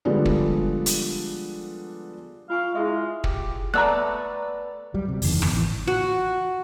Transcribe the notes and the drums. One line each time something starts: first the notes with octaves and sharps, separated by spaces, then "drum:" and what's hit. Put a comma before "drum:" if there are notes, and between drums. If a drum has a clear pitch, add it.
D3 F3 G3 G#3 B3 D4
drum: kick
drum: hi-hat
F4 F5 G#5 C#6
G#3 E4 G#4 E5
G4, drum: kick
A3 B3 D5 A#5 E6 F#6
F#3 G3
C3
F#1 E2 D#3, drum: open hi-hat
drum: rim click
A1 E3
F#4